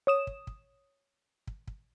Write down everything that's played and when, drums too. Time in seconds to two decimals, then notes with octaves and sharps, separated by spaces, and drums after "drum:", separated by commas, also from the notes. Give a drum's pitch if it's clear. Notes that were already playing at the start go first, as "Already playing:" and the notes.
0.07 C#5 D#6 E7
0.27 drum: kick
0.47 drum: kick
1.47 drum: kick
1.67 drum: kick